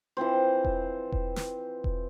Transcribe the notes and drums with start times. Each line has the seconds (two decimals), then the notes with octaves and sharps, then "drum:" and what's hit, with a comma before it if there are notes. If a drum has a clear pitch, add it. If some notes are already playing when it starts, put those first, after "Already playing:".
0.17 E3 F3 C4 C5
0.65 drum: kick E1
1.12 drum: kick E1
1.36 drum: snare
1.84 drum: kick E1